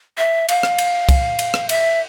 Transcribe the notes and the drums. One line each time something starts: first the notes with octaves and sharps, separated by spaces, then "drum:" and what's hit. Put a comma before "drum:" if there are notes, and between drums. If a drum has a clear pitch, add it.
E5
F5, drum: cymbal
drum: rim click
drum: cymbal
drum: kick, cymbal
drum: cymbal
drum: rim click
E5, drum: cymbal